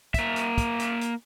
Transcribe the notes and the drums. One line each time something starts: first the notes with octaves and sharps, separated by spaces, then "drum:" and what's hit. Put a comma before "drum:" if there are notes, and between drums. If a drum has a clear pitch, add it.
A#3 E5, drum: kick, hi-hat
drum: hi-hat
drum: kick, hi-hat
drum: hi-hat
drum: hi-hat